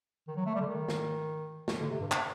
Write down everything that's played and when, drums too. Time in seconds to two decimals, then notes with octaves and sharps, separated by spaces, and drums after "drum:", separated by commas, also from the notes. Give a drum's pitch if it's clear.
0.28 D#3
0.36 F#3
0.46 A3
0.55 G3
0.61 D3
0.66 D#3
0.88 drum: snare
1.68 drum: snare
1.80 D3
1.89 C3
2.00 G2
2.11 drum: clap